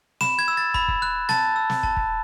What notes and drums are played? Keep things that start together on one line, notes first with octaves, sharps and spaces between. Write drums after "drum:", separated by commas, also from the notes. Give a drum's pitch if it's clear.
B5 E7, drum: snare
G#6
E6
A6
B5, drum: kick
drum: kick
F#6
A5 A6, drum: snare
E6
drum: snare
A5, drum: kick
drum: kick